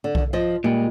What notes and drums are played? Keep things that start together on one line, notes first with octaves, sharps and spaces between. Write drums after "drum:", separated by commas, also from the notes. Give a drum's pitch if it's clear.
D3
drum: kick B1
F3 D#5
A#2 G3 G#3